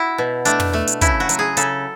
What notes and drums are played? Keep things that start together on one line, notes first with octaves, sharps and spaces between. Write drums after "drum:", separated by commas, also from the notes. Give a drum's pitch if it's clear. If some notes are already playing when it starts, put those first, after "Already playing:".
Already playing: E4 F#4
B2
A3 D4, drum: hi-hat
drum: tom
A3
drum: hi-hat
C#3 E4, drum: kick, hi-hat
F#4
F#3, drum: hi-hat
G#4
C#3 A4, drum: hi-hat